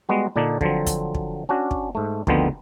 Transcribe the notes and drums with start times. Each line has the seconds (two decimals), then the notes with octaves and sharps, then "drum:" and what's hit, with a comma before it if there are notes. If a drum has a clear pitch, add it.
0.09 G3 G#3 B3 F#4
0.36 A#2 D3 D4 D#4
0.61 D3 F3 F#3 C4, drum: kick
0.86 drum: kick, hi-hat
1.15 drum: kick
1.49 C#4 D4 F#4
1.71 drum: kick
1.95 G#2 A3
2.27 D2 D3 D#3 F3 B3 C4, drum: kick